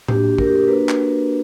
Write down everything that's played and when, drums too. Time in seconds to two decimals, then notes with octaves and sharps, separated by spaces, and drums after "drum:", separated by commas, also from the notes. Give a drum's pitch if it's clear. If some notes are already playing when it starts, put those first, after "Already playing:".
0.08 A#3 D4 F#4 G4, drum: tom A2
0.38 A#4, drum: kick
0.47 G4
0.56 A#4
0.68 A#3 D4 F#4 B4
0.89 drum: clap